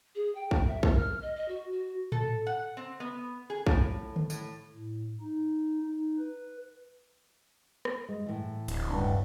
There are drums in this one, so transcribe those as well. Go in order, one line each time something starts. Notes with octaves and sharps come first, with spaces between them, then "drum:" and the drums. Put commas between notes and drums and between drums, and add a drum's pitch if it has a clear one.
G#4
G5
drum: kick A#1
E5
A#4, drum: kick A#1
F6
D#5
D#5
F#4
F#4
A4, drum: tom A2
F#5
C4
B3
G#4
A2, drum: kick A#1
drum: tom D3
A2, drum: tambourine
A2
D#4
D#4
B4
drum: rim click
G#3
A2 E3
D1, drum: cymbal
G2 C#3 D4